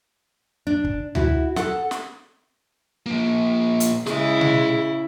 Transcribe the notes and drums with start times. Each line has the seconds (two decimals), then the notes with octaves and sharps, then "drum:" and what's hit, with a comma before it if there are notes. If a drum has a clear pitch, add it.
0.67 D4
0.85 drum: kick
1.15 E4 F#4, drum: tom D2
1.56 A4 F#5, drum: snare
1.91 drum: snare
3.06 F3 A#3
3.80 drum: hi-hat
4.06 C#3 E4 G#4 D#5, drum: snare
4.41 drum: tom B2